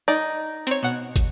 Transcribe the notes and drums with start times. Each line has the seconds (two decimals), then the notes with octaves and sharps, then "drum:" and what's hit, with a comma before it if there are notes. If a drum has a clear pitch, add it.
0.08 D#4 D5
0.67 C4 C#5, drum: hi-hat
0.83 B2 F#5
1.16 drum: kick, hi-hat